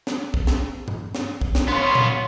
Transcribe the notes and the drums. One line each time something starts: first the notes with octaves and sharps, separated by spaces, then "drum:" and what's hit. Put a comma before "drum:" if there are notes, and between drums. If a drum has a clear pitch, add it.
drum: snare
drum: kick
drum: snare
drum: tom G2
drum: snare
drum: kick
drum: snare
B3 F4 C#5 C6
drum: tom A#2